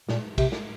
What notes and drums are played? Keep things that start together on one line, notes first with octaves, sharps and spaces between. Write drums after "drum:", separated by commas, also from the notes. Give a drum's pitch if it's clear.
A#2, drum: snare
C3, drum: kick A#1, cymbal
drum: snare